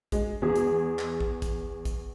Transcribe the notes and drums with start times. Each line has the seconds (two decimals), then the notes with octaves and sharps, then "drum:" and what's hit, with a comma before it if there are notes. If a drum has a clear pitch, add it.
0.12 G#3, drum: kick, hi-hat
0.42 E2 G#4
0.56 drum: hi-hat
0.99 drum: clap
1.20 drum: kick
1.42 drum: kick, hi-hat
1.85 drum: kick, hi-hat